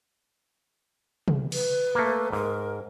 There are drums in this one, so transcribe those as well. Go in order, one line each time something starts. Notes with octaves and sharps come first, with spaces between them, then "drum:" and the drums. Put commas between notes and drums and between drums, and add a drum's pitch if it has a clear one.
drum: tom C3
B4, drum: cymbal
A3 A#3
G#2 A#4